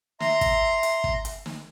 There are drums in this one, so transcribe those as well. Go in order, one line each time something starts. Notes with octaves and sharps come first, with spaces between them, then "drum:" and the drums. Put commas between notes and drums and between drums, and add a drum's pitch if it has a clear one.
E5 A#5 C6, drum: snare
drum: kick, hi-hat
drum: hi-hat
drum: kick
drum: hi-hat
drum: snare